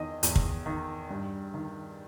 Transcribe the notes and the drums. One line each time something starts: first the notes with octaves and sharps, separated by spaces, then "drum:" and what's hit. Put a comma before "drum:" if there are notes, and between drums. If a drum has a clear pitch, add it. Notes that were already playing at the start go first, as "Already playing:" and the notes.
Already playing: E2 D#3 D#5
E2, drum: hi-hat
drum: kick
D#3
G2
D#3